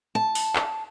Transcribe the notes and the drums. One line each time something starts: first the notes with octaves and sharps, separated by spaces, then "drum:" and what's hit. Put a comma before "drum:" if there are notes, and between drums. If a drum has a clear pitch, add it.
A5
drum: open hi-hat
drum: clap